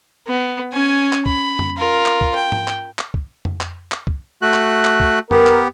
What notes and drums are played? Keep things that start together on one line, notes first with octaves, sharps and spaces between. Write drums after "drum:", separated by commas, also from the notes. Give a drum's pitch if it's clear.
B3
C#4 G#5
drum: clap
B5, drum: kick
drum: tom F2
F4 A#4
drum: clap
drum: kick
G5
drum: tom G#2
drum: clap
drum: clap
drum: kick
drum: tom F2
drum: clap
drum: clap
drum: kick
A3 F#4 F#6
drum: clap
drum: clap
drum: kick
B3 G4 A#4, drum: tom F2
drum: clap